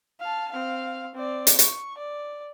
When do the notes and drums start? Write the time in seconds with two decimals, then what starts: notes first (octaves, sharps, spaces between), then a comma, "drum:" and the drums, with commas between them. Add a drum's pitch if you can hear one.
0.20 F5 A5
0.51 C4 F5
1.15 C4 D5
1.47 drum: hi-hat
1.59 C#6, drum: hi-hat
1.98 D5